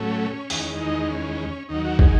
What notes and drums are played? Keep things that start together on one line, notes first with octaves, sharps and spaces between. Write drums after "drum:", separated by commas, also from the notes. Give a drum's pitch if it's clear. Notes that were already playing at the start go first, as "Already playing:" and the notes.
Already playing: A2 F#3 A3 C#4
E2 D#3 G#3, drum: open hi-hat
D#4
C#4
D#2 D#3 F#3 D#4
F#4
G#4, drum: kick